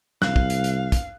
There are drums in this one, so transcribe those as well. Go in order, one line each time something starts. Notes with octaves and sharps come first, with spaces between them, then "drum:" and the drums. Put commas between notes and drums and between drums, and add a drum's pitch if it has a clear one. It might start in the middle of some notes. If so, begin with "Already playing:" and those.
C2 F5 F#6, drum: snare
drum: kick
drum: hi-hat
drum: hi-hat
drum: kick, hi-hat